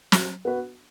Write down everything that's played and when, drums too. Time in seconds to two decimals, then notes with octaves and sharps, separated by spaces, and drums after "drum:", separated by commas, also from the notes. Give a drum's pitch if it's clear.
0.12 F#3, drum: snare
0.45 B3 F#4 B4